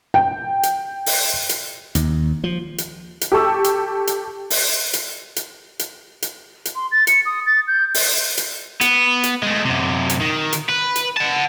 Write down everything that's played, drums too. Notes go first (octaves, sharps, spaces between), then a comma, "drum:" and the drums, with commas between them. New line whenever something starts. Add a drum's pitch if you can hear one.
G5
drum: hi-hat
drum: open hi-hat
drum: hi-hat
D#2, drum: hi-hat
F3
drum: hi-hat
drum: hi-hat
G4 A4 A5 C#6 E6
drum: hi-hat
drum: hi-hat
drum: open hi-hat
drum: hi-hat
drum: hi-hat
drum: hi-hat
drum: hi-hat
drum: hi-hat
C6
A6
C#7, drum: hi-hat
D#6
A6
G6
drum: open hi-hat
drum: hi-hat
B3, drum: hi-hat
drum: hi-hat
G#3 A3
F#2 C3
drum: hi-hat
D#3
drum: hi-hat
B4
drum: hi-hat
F#5 A5